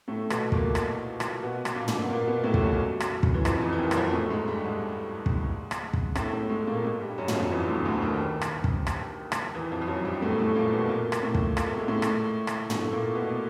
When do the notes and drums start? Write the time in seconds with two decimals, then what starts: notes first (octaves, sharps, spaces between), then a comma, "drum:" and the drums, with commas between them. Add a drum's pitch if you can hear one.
0.08 A2 A3
0.30 B2 B3, drum: rim click
0.52 A#2 A#3, drum: kick
0.75 drum: rim click
1.20 drum: rim click
1.43 B2 B3
1.65 drum: rim click
1.76 A#2 A#3
1.88 drum: tom
2.02 B3
2.10 A#2 A#3
2.27 B2 B3
2.44 A2 A3
2.54 G3, drum: kick
2.61 F#2 F#3
3.00 drum: rim click
3.23 drum: kick
3.34 E3
3.45 F2 F3, drum: rim click
3.62 E2 E3
3.72 E3
3.79 D#2 D#3
3.91 F#3, drum: rim click
3.96 F2 F3
4.13 A2 A3
4.30 G#2 G#3
4.47 G2 G3
4.64 G#2 G#3
5.26 drum: kick
5.71 drum: rim click
5.93 drum: kick
6.15 A2 A3, drum: rim click
6.33 A2 A3
6.49 G#2 G#3
6.67 A#2 A#3
6.76 A3
6.84 G#2 G#3
7.00 G2 G3
7.18 F#2 F#3
7.28 F#3, drum: tom
7.35 F2 F3
7.51 E2 E3
7.68 D2 D3
7.85 D2 D3
8.02 D#2 D#3
8.41 drum: rim click
8.64 drum: kick
8.87 drum: rim click
9.32 drum: rim click
9.54 E2 E3
9.71 F2 F3
9.81 F3
9.88 F#2 F#3
10.04 G2 G3
10.22 A2 A3
10.38 A2 A3
10.55 A#2 A#3
10.72 B2 B3
10.89 A#2 A#3
11.12 drum: rim click
11.23 A2 A3
11.35 drum: kick
11.57 A#3, drum: rim click
11.67 A3
11.78 G#3
11.88 A2 A3
12.02 drum: rim click
12.47 drum: rim click
12.70 drum: tom
12.81 A3
12.92 A#2 A#3
13.15 B2 B3